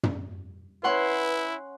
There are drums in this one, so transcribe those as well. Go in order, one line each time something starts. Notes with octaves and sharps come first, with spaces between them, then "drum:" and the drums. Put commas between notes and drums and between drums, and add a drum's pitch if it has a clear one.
drum: tom
C#4 E4 B4 F#5 C6